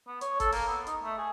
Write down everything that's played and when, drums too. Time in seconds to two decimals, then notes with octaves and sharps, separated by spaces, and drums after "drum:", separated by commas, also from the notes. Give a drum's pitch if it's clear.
0.08 B3
0.21 C#5, drum: hi-hat
0.40 A4, drum: kick F#1, hi-hat
0.52 A#3, drum: open hi-hat
0.68 B3
0.87 D#4, drum: hi-hat
1.03 A3
1.18 G#4